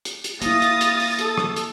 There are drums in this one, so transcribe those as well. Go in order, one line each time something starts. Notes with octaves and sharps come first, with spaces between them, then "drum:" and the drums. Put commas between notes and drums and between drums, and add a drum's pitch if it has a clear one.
drum: hi-hat
drum: hi-hat
A#3 E4 F5 D#6 A6 A#6, drum: hi-hat
drum: hi-hat
drum: hi-hat
drum: open hi-hat
A4, drum: hi-hat
drum: rim click
drum: hi-hat